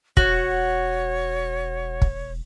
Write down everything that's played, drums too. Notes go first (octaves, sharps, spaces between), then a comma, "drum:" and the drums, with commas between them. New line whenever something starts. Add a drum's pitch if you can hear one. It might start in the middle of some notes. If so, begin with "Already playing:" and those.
E1 F#4 C#5, drum: kick
drum: kick